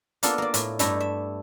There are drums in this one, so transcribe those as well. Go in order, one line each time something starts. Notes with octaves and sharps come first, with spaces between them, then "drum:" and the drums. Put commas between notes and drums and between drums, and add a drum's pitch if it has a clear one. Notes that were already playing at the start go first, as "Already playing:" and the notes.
A#3 B3 D4 F4 A4, drum: hi-hat
A#3 D5
A2, drum: hi-hat
G2 G3 A3 E4 A#5 B5, drum: hi-hat
E5